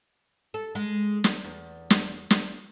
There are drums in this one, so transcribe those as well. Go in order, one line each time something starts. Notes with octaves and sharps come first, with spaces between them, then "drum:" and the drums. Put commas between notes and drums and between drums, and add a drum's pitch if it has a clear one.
A4
G#3
drum: snare
E2
drum: snare
drum: snare